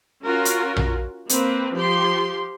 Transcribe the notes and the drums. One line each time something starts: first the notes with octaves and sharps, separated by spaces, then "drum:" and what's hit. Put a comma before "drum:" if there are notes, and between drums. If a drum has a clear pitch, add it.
C#4 F4 F#4 A#4
drum: hi-hat
drum: tom A#1
A#3 C4 B4, drum: hi-hat
F3 G4 C6